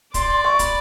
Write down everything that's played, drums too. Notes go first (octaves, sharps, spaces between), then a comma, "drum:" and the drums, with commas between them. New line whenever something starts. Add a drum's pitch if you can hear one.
D5 C6, drum: kick, hi-hat
C6
C#6, drum: rim click
B5, drum: kick, hi-hat